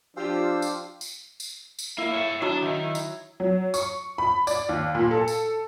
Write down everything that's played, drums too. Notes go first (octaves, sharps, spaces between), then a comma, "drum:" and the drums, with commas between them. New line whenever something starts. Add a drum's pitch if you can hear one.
F3 D4 F4 G4 C5 F5 E6
drum: tambourine
drum: tambourine
drum: tambourine
drum: tambourine
A#3 E4
C#5 E5
F#3 D4 E4 A5 D#6
D#3
drum: tambourine
F#3
C#6, drum: tambourine
B5
D5, drum: tambourine
D#2
A#2
A4
drum: tambourine